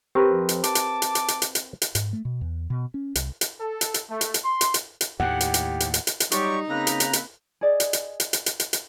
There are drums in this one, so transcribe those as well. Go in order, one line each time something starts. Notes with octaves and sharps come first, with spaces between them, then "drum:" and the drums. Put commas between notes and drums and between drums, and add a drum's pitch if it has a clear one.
C4 G4 A#4 B4
F2 F3
drum: hi-hat
A5 D6, drum: hi-hat
drum: hi-hat
drum: hi-hat
drum: hi-hat
drum: hi-hat
drum: hi-hat
drum: hi-hat
drum: hi-hat
G#2, drum: hi-hat
A3
B2
E2
B2
C#4
C2, drum: hi-hat
drum: hi-hat
A4
drum: hi-hat
drum: hi-hat
A3
drum: hi-hat
drum: hi-hat
C6
drum: hi-hat
drum: hi-hat
drum: hi-hat
D#2 A2 G4 F#5
drum: hi-hat
drum: hi-hat
drum: hi-hat
drum: hi-hat
drum: hi-hat
drum: hi-hat
F#3 G3 D#4 F4 G4 C#6, drum: hi-hat
C#3 A#3 C4 B4 A#5
drum: hi-hat
drum: hi-hat
drum: hi-hat
G#4 D5 D#5
drum: hi-hat
drum: hi-hat
drum: hi-hat
drum: hi-hat
drum: hi-hat
drum: hi-hat
drum: hi-hat